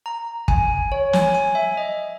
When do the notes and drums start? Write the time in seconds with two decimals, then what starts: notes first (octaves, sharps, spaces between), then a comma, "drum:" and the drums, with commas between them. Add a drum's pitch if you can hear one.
0.06 A#5
0.48 G#5, drum: kick
0.92 C#5
1.13 G#5, drum: snare
1.35 G#5
1.55 E5
1.77 D#5